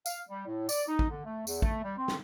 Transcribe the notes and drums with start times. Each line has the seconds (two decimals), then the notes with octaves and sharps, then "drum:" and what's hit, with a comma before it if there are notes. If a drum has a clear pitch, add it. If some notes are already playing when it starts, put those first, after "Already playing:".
0.06 F5, drum: tambourine
0.29 G3
0.47 A2
0.69 D5, drum: tambourine
0.88 D#4
0.99 drum: kick
1.10 D3
1.26 A3
1.47 E2, drum: tambourine
1.62 A3, drum: kick
1.84 G3
1.97 C4
2.08 drum: snare